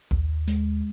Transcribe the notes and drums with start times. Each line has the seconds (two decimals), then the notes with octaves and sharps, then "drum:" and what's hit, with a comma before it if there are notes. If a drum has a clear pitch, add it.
0.11 D#2, drum: kick A#1
0.48 G#3, drum: hi-hat